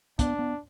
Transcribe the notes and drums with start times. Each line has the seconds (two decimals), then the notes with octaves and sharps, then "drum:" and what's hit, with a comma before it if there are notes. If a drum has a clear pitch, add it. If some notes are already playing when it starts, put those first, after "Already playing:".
0.19 B3 D4, drum: kick, hi-hat
0.39 B3